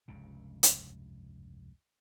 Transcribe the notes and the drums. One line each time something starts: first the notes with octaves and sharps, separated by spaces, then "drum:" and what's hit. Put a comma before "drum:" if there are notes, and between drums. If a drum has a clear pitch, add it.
F1 C#2 G2 C#3
drum: hi-hat